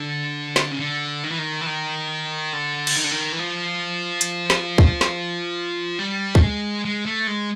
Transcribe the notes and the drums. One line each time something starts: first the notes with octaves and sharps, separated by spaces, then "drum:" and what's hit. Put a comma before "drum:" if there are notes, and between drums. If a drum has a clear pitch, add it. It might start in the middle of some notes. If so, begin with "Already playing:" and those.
Already playing: D3
drum: snare
C#3
D3
D#3
E3
D#3
E3
D#3
D3
drum: cymbal
D#3
D3
D#3
E3
F3
drum: hi-hat
drum: snare
drum: kick
drum: snare
G3
A3, drum: kick
G#3
G#3
A3
G#3